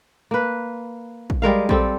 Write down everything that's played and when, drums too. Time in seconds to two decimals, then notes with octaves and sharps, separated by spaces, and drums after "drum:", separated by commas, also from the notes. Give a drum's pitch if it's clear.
0.31 A#3 B4
1.30 drum: kick A#1
1.42 G3 G#3 A#4 F5
1.69 G3 C4 A4, drum: kick A#1